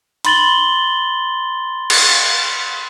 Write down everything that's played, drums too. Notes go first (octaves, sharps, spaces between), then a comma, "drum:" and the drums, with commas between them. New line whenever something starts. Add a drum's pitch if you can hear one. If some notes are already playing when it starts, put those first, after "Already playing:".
B5 C6 A6 F#7 G7, drum: hi-hat
drum: cymbal